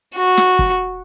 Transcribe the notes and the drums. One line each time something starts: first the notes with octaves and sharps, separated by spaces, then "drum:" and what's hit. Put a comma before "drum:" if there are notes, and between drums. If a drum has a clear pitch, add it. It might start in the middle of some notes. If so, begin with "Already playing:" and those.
F#4
drum: snare
drum: kick